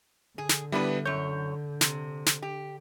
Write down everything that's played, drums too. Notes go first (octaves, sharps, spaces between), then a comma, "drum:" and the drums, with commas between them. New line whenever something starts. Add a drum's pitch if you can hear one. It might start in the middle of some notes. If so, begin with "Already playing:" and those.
D3 G#4
drum: snare
G3 B3 D4 E4 B4
F#2 C#5 G6
C3, drum: snare
drum: snare
G4